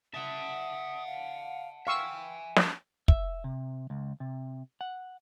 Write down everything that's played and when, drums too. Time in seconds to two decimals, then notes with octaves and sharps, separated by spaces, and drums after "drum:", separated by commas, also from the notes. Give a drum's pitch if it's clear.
0.14 E5 F#5 A5 D#6
1.06 F5
1.87 E5 F5 G5 G#5 C#6 E6
2.56 drum: snare
3.08 E5, drum: kick
3.44 C3
3.90 C#2
4.20 C3
4.81 F#5